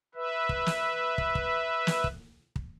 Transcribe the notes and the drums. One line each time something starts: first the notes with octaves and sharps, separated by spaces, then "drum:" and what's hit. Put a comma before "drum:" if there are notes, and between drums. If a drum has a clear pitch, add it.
B4 E5
drum: kick
drum: snare
drum: kick
drum: kick
drum: snare
drum: kick
drum: kick